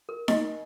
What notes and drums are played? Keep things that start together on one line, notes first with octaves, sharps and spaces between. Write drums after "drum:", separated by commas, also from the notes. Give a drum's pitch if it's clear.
A#4
D#5, drum: snare D#4